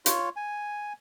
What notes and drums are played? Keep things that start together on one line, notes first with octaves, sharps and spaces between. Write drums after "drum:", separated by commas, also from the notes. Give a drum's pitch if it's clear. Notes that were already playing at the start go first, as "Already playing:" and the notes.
F4 C#5, drum: hi-hat
G#5